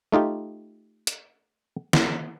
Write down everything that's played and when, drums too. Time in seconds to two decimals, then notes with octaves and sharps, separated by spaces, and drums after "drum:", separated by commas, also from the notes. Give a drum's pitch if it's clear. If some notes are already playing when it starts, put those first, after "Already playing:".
0.12 A3 D#4 F4 G4
1.07 drum: hi-hat
1.93 drum: snare